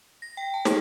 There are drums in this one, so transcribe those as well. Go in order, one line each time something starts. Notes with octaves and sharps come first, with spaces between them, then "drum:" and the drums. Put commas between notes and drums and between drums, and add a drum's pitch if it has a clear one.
A#6
G5
A5
G#4, drum: snare